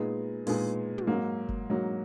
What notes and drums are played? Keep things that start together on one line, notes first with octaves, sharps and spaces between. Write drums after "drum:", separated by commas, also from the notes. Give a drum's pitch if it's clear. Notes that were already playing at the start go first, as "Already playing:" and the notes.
Already playing: A#2 G#3 B3 D#4 G#4
A#2 G#3 B3 D#4 G#4, drum: open hi-hat
drum: tom
G#2 F#3 A#3
drum: kick F#1
G#2 F#3 A#3